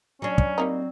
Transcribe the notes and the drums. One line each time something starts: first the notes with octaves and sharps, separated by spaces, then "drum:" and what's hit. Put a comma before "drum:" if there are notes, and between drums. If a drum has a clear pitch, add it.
F#3 C#4 D4
drum: kick
G3 A#3 C4 D#4